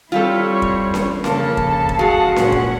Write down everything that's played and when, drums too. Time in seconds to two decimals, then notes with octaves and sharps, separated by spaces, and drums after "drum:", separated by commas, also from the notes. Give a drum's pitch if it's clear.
0.12 G3 C4 E4 F4 G4 A4 C#5
0.62 drum: kick
0.94 drum: snare C#4
1.24 F2 C#3 A#3 A4 A5, drum: snare C#4
1.57 drum: kick
1.89 drum: kick
1.99 G#3 F#4 G#4 F5 F#5
2.36 A#2 C#4 F#5, drum: snare C#4
2.52 drum: kick